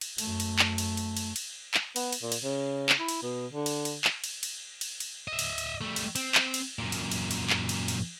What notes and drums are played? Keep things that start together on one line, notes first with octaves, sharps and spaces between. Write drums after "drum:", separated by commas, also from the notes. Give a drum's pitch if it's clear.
drum: cymbal
F#2 A3, drum: cymbal
drum: cymbal
drum: clap
drum: cymbal
drum: cymbal
drum: cymbal
drum: cymbal
drum: clap
B3, drum: cymbal
drum: cymbal
A#2
drum: cymbal
C#3
drum: clap
E4
drum: cymbal
B2
D3
drum: cymbal
drum: cymbal
drum: clap
drum: cymbal
drum: cymbal
drum: cymbal
drum: cymbal
D#5 E5
drum: cymbal
drum: cymbal
G3 A3
drum: cymbal
C4, drum: cymbal
drum: clap
drum: cymbal
F#2 A#2
drum: cymbal
drum: cymbal
drum: cymbal
drum: clap
drum: cymbal
drum: cymbal